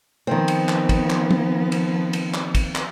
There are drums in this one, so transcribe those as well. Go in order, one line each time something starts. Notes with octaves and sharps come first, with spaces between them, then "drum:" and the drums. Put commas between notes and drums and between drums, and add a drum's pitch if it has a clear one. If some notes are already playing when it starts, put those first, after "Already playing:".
D#3 F3 B3 C4
drum: cymbal
drum: clap
drum: kick, cymbal
drum: clap
drum: tom
drum: cymbal
drum: cymbal
drum: clap
drum: kick, cymbal
drum: clap